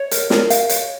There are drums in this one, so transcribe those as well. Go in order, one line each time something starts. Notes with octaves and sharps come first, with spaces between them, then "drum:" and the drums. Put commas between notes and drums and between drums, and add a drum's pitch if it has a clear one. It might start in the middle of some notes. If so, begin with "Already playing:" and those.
Already playing: C#5
A#4, drum: hi-hat
A#4, drum: snare
F5, drum: hi-hat
C#5, drum: hi-hat